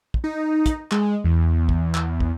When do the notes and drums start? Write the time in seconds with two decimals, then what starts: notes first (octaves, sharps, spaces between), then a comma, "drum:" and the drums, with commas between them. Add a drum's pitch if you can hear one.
0.14 drum: kick
0.24 D#4
0.66 drum: kick, hi-hat
0.92 G#3, drum: clap
1.24 E2
1.69 drum: kick
1.95 drum: clap
2.20 drum: kick